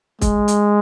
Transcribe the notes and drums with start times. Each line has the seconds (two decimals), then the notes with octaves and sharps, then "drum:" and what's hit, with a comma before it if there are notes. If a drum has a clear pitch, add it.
0.21 G#3, drum: kick, hi-hat
0.48 drum: hi-hat